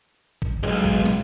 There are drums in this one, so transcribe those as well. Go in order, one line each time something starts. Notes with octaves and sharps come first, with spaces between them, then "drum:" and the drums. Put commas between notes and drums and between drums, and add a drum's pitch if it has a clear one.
drum: kick A1
B1 G2 G#3
drum: kick A1
drum: snare